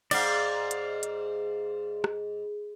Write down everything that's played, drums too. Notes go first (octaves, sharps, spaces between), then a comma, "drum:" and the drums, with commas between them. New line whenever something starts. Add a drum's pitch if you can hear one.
G#2 D5 F5, drum: cymbal
drum: hi-hat
drum: hi-hat
drum: rim click